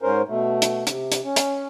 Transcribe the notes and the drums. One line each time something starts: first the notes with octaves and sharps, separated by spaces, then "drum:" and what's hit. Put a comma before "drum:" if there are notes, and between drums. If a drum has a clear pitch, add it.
G#2 C#4 A#4 C5
B2 A3
drum: hi-hat
C3, drum: hi-hat
drum: hi-hat
C#4
drum: hi-hat